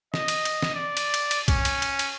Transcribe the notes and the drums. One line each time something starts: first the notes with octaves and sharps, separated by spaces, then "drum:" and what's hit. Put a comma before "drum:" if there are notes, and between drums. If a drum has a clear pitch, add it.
D#5, drum: snare
drum: cymbal
drum: cymbal
drum: snare
D5
drum: cymbal
drum: cymbal
drum: cymbal
C#4, drum: kick, cymbal
drum: cymbal
drum: cymbal
drum: cymbal